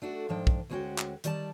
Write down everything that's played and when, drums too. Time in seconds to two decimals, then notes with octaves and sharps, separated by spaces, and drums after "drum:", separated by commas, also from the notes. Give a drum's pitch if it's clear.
0.02 A3 D4 F#4
0.29 G#2 F3 D4 G5
0.47 drum: kick
0.70 D2 G#3 C4 C#4 F#4 G5
0.98 drum: clap
1.24 D#3 G3 D5 D#5 A5, drum: hi-hat